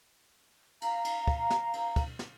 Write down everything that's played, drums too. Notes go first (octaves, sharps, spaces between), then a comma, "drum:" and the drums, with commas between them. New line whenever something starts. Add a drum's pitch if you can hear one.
F5 A#5, drum: cymbal
drum: cymbal
drum: kick
drum: snare
drum: cymbal
drum: kick, cymbal
drum: snare